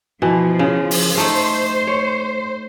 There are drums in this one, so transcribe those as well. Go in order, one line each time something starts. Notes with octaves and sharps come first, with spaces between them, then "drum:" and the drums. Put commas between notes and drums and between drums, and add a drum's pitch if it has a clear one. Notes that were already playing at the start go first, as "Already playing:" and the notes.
B2 E3 F3
C#3
drum: open hi-hat
A3 D#4 C5
C#5